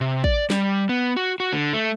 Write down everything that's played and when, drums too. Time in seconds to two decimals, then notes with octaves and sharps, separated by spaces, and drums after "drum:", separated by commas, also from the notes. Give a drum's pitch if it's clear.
0.01 C3
0.24 D5, drum: kick
0.50 G3, drum: snare
0.89 B3
1.16 F#4
1.40 F#4
1.53 D3
1.73 A3